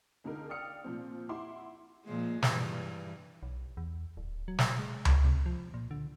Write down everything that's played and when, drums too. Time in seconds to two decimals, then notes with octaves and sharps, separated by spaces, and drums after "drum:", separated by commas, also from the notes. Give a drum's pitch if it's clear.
0.24 C#2 D3 D#4 A#4
0.49 D5 F5 G5 D#6 F6 C#7
0.84 A#2 F3 C4
1.29 E4 E5 F#5 C6 D6
2.05 A#2 F3 G#3
2.42 G2 E3, drum: snare
3.43 B1
3.77 E2
4.17 D1
4.48 F#3
4.59 drum: snare
4.79 G#3
5.05 drum: tom C#2
5.25 C3
5.46 F3
5.74 A#2
5.91 D3